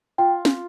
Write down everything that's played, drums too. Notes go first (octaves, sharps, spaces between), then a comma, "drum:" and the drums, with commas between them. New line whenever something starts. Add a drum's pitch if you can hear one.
F4 G5
drum: snare